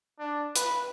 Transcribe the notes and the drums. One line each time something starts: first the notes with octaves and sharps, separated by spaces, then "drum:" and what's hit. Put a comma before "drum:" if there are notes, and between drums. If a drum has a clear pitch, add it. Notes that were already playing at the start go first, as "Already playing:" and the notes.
D4
B4, drum: hi-hat